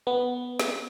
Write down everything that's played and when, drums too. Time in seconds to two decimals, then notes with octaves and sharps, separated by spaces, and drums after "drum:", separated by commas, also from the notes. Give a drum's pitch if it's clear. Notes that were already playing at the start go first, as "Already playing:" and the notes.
0.07 B3
0.59 drum: snare